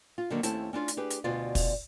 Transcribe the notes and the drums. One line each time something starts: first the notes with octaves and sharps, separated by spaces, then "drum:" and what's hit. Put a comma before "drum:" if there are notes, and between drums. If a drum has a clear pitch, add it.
F4
D3 D#3 F#3 A#3 C#4 D4
D#2 A3 C4 C#4 E4 A5, drum: hi-hat
C#4 D4 F4 C#5
drum: hi-hat
G4 G#4 B4
drum: hi-hat
D2 B2 B3 F4 D5
drum: kick, open hi-hat